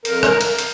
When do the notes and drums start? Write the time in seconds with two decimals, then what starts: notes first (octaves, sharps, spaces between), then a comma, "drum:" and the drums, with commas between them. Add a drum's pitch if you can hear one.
0.05 F2 A#4, drum: cymbal
0.23 A#4, drum: rim click
0.41 drum: cymbal
0.58 drum: cymbal